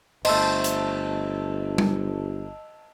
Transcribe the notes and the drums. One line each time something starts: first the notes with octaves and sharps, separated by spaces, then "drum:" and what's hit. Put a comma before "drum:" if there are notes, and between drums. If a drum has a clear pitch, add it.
G1 A3 C5 D#5 A5 E6, drum: cymbal
drum: hi-hat
drum: tom G3